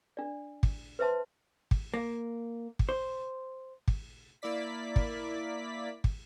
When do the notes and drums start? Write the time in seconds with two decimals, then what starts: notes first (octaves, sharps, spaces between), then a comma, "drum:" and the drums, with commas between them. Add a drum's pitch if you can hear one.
0.17 D4 D5
0.63 drum: kick
0.99 B4 C5 E5 A5 C6
1.71 drum: kick
1.94 A#3
2.79 drum: kick
2.89 C5
3.88 drum: kick
4.42 A#3 E4 D5 B6
4.96 drum: kick
6.04 drum: kick